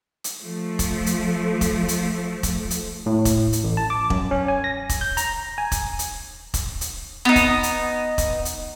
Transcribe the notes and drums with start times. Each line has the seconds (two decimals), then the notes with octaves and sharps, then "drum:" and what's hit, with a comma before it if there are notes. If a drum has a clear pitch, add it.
0.24 drum: hi-hat
0.42 F3 A3
0.79 drum: kick E1, hi-hat
1.06 drum: hi-hat
1.61 drum: kick E1, hi-hat
1.88 drum: hi-hat
2.43 drum: kick E1, hi-hat
2.71 drum: hi-hat
3.06 A2
3.25 drum: kick E1, hi-hat
3.53 drum: hi-hat
3.64 A1
3.77 A5
3.90 D6
4.10 F#2, drum: kick E1
4.31 C#4
4.48 G#5
4.64 A#6
4.89 drum: kick E1, hi-hat
5.01 G6
5.17 A#5, drum: hi-hat
5.58 G#5
5.72 drum: kick E1, hi-hat
5.99 drum: hi-hat
6.54 drum: kick E1, hi-hat
6.81 drum: hi-hat
7.25 B3 D#4
7.36 drum: kick E1, hi-hat
7.63 drum: hi-hat
8.18 drum: kick E1, hi-hat
8.45 drum: hi-hat